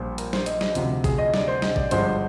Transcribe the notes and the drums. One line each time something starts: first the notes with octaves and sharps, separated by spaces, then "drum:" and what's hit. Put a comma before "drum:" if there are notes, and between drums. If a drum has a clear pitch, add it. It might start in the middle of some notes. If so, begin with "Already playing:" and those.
Already playing: A#1 A#2 G3 C5
A#4, drum: hi-hat
C5, drum: snare
D#5, drum: hi-hat
D#5, drum: snare
D2 C3 F3, drum: hi-hat
G#4, drum: kick, hi-hat
D#5
D5, drum: snare
C5
D#5, drum: snare
D5, drum: kick
G1 G2 F3 G#3 C5, drum: hi-hat